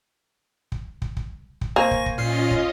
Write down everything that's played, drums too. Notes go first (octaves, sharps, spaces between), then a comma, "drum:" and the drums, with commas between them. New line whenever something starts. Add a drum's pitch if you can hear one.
drum: kick
drum: kick
drum: kick
drum: kick
A#3 C5 G#5 C#6 A#6
drum: kick
drum: kick
A#2 C#4 F4 D#5 F6 C7
drum: kick